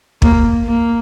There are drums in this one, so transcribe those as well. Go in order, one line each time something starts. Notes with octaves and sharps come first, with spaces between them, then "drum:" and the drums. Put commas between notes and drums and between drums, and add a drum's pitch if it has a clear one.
A#3, drum: kick
A#3